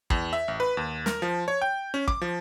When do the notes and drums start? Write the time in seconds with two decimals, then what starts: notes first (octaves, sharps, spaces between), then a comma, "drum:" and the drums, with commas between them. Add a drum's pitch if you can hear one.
0.10 E2, drum: kick
0.33 E5
0.48 A1
0.60 B4
0.77 D#2
1.06 A#4, drum: snare
1.22 F3
1.48 C#5
1.62 G5
1.94 C#4
2.08 D6, drum: kick
2.21 F3